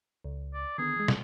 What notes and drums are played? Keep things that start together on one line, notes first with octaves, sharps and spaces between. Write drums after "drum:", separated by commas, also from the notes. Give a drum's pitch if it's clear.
C#2
D5
D3 D#3 B3 G#4
E3 G#3
drum: snare